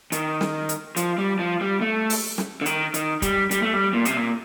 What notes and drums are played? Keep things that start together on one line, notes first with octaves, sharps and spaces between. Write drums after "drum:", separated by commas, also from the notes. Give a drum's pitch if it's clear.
D#3, drum: hi-hat
drum: snare
drum: hi-hat
F3, drum: hi-hat
G3
F3
G3
A3
drum: open hi-hat
drum: snare
D3
D#3, drum: hi-hat
D#3, drum: hi-hat
G3, drum: kick, hi-hat
G3, drum: hi-hat
A3
G3
A#2
C3, drum: hi-hat
A#2